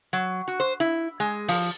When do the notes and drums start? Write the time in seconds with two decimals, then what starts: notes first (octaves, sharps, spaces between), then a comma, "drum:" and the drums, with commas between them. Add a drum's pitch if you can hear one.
0.13 F#3
0.48 F#4
0.60 C5
0.80 E4
1.20 G#3
1.48 F3, drum: open hi-hat